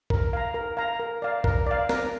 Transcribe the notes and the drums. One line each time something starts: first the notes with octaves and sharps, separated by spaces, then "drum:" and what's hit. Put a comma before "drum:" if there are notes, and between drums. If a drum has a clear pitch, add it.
A#4, drum: kick B1
F5 A#5
A#4
F5 A#5
A#4
D5 F5
A#4, drum: kick B1
D5 F5
A#4, drum: snare